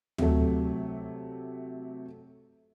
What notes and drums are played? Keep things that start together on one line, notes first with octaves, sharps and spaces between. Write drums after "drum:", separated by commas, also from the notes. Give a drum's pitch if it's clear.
C3 F#3 A3, drum: tom D2